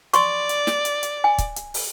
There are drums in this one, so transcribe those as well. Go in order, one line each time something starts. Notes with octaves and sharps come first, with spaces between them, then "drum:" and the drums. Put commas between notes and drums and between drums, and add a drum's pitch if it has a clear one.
D5 C6 C#6, drum: hi-hat
drum: hi-hat
drum: snare
drum: hi-hat
drum: hi-hat
G#5
drum: kick, hi-hat
drum: hi-hat
drum: open hi-hat